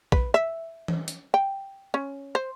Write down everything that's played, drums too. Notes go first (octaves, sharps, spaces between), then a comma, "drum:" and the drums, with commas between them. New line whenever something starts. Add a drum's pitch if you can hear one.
B4, drum: kick
E5
drum: tom E3
drum: hi-hat
G5
C#4
C5